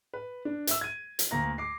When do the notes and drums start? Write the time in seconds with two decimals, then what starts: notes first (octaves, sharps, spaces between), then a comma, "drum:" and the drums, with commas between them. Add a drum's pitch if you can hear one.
0.14 B4
0.45 D4
0.67 E5 E6, drum: hi-hat
0.81 G#6 D#7
1.19 drum: hi-hat
1.31 D2 A#3 A#5 A#6
1.58 D6 C7